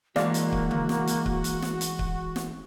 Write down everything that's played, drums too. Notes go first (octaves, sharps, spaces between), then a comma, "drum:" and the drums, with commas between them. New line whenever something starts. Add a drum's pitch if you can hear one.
E3 G#3 A#3 F#4 G#4 D5 F5, drum: snare
drum: hi-hat
drum: kick C#1
drum: tom C#3
drum: snare
drum: hi-hat
drum: kick C#1
drum: hi-hat
drum: snare
drum: hi-hat
drum: kick C#1
drum: snare